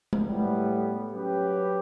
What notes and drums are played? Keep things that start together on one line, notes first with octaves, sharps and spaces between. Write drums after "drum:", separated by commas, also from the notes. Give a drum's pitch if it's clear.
drum: tom G#3
A2 G3 B3
F#3 C#4 G4 B4